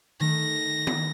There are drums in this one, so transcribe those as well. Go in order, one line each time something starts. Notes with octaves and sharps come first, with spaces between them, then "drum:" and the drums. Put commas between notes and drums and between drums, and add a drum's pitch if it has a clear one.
D#3 A3 D#4 A#6
drum: tom D#3